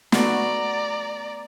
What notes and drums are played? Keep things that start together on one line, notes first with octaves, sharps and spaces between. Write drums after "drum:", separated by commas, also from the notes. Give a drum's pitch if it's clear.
A3 B3 F#4 D5 A#5, drum: snare